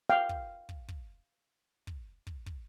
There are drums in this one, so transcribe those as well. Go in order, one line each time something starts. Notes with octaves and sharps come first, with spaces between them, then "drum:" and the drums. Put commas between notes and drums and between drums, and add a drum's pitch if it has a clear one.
F5 G5
drum: kick
drum: kick
drum: kick
drum: kick
drum: kick
drum: kick